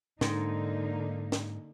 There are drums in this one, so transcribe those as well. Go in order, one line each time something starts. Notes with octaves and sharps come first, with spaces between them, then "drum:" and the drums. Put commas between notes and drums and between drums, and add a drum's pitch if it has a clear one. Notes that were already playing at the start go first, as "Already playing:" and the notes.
G#2 D3 A#3 D#4, drum: snare
drum: snare